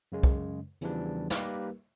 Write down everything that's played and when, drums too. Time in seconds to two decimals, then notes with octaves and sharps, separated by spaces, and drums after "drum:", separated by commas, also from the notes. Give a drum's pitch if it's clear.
0.12 F#2 C#3 G#3
0.23 drum: kick C2
0.81 E2 C#3 E3 F3 G3 D4, drum: hi-hat
1.30 G3 A#3 D#4 G4 A#4 B4, drum: snare